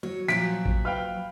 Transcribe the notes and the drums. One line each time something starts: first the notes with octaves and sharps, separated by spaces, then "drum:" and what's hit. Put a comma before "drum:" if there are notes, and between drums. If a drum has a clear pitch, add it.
F#3 C#5
A#2 F3 F#3 F#4 B6 D7
drum: kick
B4 F5 G5 F6